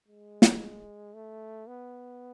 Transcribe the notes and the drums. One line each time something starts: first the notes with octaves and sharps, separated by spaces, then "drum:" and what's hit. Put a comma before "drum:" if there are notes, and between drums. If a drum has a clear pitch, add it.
G#3
drum: snare
A3
B3